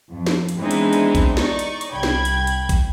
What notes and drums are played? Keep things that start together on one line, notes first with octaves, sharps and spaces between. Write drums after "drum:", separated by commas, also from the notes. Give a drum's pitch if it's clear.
F2
drum: snare
drum: hi-hat
E3 G#3 B3 C4 D4 D#4
drum: hi-hat
drum: hi-hat
drum: kick A#1, hi-hat
D#4 D5 C#6, drum: snare
drum: hi-hat
drum: hi-hat
C2 G5 B5 G#6
drum: snare
drum: hi-hat
drum: hi-hat
drum: kick A#1, hi-hat